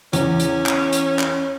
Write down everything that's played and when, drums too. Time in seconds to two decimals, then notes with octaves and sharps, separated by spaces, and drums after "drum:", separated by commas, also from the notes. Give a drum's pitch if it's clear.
0.13 E2 C#4, drum: hi-hat
0.40 drum: hi-hat
0.66 drum: clap
0.93 drum: hi-hat
1.19 drum: clap